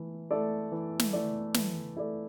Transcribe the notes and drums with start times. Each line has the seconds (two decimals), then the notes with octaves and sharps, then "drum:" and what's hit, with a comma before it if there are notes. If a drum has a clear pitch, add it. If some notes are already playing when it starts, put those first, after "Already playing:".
Already playing: E3 A3 E4
0.31 A3 E4 A4 D5
0.72 E3
0.99 drum: snare
1.13 A3 E4 A4 D5
1.54 E3, drum: snare
1.96 A3 E4 A4 D5